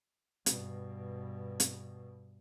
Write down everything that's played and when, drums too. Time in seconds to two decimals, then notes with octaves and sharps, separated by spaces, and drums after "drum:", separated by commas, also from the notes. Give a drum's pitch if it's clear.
0.46 G2 B2, drum: hi-hat
1.60 drum: hi-hat